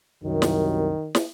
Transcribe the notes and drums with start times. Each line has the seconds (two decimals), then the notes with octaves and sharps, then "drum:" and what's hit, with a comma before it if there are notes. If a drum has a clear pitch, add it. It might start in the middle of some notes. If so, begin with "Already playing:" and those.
0.24 C2 F#2 D#3
0.42 drum: snare
1.15 drum: snare